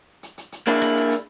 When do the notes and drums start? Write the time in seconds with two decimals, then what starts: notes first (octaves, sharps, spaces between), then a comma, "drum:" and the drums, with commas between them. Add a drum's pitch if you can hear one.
0.23 drum: hi-hat
0.38 drum: hi-hat
0.52 drum: hi-hat
0.67 A#3 D4 E4 G#4, drum: hi-hat
0.82 drum: rim click
0.96 drum: hi-hat
1.11 drum: hi-hat